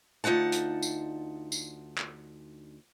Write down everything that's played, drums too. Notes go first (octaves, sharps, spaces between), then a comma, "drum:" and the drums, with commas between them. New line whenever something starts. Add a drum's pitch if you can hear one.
D2 D#4 F4 F#5 A5
drum: hi-hat
drum: tambourine
drum: tambourine
drum: clap